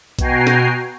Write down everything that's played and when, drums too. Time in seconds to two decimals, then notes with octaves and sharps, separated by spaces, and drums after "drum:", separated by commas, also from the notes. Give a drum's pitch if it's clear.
0.19 B2 F#4 G5 G#5 A#5 C7, drum: kick B1, hi-hat
0.47 drum: snare